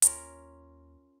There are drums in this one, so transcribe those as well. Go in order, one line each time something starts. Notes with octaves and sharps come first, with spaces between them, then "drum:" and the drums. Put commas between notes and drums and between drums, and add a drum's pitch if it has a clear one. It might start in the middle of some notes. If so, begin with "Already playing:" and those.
D#2 C#4 F4 A#4, drum: hi-hat